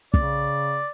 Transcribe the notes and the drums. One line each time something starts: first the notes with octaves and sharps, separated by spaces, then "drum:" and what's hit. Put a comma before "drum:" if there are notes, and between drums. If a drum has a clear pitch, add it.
C#3 D5, drum: kick